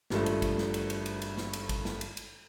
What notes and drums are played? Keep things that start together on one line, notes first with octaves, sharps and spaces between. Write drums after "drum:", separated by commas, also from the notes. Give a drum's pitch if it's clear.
G#1 G2 F3 A3, drum: snare
drum: cymbal
drum: kick, cymbal
drum: snare
drum: cymbal
drum: cymbal
drum: cymbal
drum: cymbal
drum: snare
drum: cymbal
drum: kick, cymbal
drum: snare
drum: cymbal
drum: cymbal